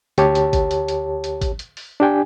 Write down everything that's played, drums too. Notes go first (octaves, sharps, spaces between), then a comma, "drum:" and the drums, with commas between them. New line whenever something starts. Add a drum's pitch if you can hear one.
D2 G4 C#5 A5, drum: hi-hat
drum: hi-hat
drum: kick G#1, hi-hat
drum: hi-hat
drum: hi-hat
drum: hi-hat
drum: kick G#1, hi-hat
drum: hi-hat
drum: open hi-hat
D4 G4 G5 G#5